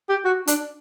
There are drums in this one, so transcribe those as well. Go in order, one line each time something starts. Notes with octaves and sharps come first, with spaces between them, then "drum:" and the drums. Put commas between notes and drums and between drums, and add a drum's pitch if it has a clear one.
G4
F#4
D4, drum: hi-hat